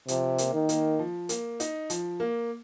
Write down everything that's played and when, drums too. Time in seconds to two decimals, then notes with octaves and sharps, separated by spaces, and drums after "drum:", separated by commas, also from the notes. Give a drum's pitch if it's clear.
0.08 C3 F3, drum: hi-hat
0.38 A#3, drum: hi-hat
0.54 D#3
0.69 A#3, drum: hi-hat
0.99 F3
1.29 A#3, drum: hi-hat
1.60 D#4, drum: hi-hat
1.90 F3, drum: hi-hat
2.20 A#3